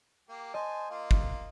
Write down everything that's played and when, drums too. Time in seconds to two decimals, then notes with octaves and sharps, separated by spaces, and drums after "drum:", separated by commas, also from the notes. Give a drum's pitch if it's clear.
0.29 A#3 G4
0.54 C5 D#5 G#5 A5
0.90 A#3 F4
1.11 drum: kick